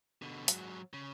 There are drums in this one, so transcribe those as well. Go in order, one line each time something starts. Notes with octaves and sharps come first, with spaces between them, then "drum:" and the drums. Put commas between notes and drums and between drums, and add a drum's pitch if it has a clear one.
B2 D3
G#2 F#3, drum: hi-hat
C#3